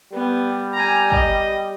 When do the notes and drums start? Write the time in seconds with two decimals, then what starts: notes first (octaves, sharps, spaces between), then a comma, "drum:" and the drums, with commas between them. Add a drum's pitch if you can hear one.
0.13 G3 B3
0.73 G#5 A#5
1.12 D#5, drum: kick